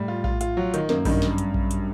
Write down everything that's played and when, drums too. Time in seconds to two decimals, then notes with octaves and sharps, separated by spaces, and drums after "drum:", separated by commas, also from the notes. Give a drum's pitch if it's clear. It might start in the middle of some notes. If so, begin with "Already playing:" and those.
Already playing: A2 G3
0.08 F4
0.24 F4, drum: kick A#1
0.41 F4, drum: hi-hat
0.57 F#3
0.74 D#3, drum: hi-hat
0.89 F#2 A#3, drum: snare
1.05 G2 D#3, drum: kick A#1, open hi-hat
1.22 drum: snare
1.38 drum: hi-hat
1.54 drum: kick A#1
1.71 drum: hi-hat